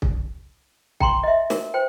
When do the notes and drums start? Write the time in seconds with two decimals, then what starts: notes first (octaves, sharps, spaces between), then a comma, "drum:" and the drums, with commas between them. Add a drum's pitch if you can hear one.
0.02 drum: kick
1.00 G5 A#5 C6 C#6, drum: kick
1.23 D#5 E5
1.50 A#4, drum: snare
1.74 C5 G5